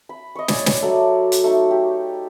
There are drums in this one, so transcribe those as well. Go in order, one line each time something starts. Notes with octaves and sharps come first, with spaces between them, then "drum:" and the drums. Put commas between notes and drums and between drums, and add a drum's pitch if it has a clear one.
B5
D#5 C#6
C#5 D5 G#5, drum: snare
drum: snare
F#3 A4 E5
drum: hi-hat
A3 D#4
G4